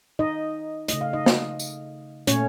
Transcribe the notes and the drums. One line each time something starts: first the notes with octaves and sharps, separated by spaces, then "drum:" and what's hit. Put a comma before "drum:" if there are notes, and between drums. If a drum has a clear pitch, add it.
D#4 D#5
C#3 A3 D#5, drum: hi-hat
F5
D#4 D#5
drum: snare
drum: tambourine
A#2 A3 C#4 C#5, drum: hi-hat